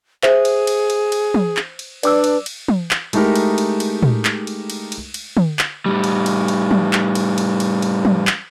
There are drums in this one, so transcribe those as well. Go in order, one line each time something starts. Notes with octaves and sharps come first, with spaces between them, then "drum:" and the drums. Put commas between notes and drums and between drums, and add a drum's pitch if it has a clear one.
G#4 C5 E5, drum: clap
drum: cymbal
drum: cymbal
drum: cymbal
drum: cymbal
drum: tom
drum: clap
drum: cymbal
D4 B4 D5 D6 E6, drum: cymbal
drum: cymbal
drum: cymbal
drum: tom
drum: clap
G#3 A3 D#4 E4 G4 A#4, drum: cymbal
drum: cymbal
drum: cymbal
drum: cymbal
drum: tom
drum: clap
drum: cymbal
drum: cymbal
drum: cymbal
drum: cymbal
drum: tom
drum: clap
A2 G3
drum: cymbal
drum: cymbal
drum: cymbal
drum: tom
drum: clap
drum: cymbal
drum: cymbal
drum: cymbal
drum: cymbal
drum: tom
drum: clap